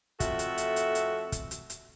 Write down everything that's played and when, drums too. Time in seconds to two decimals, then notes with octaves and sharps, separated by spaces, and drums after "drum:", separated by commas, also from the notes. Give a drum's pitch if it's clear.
0.20 F2 A3 F#4 A4 E5, drum: kick, hi-hat
0.39 drum: hi-hat
0.58 drum: hi-hat
0.76 drum: hi-hat
0.95 drum: hi-hat
1.32 drum: kick, hi-hat
1.51 drum: hi-hat
1.70 drum: hi-hat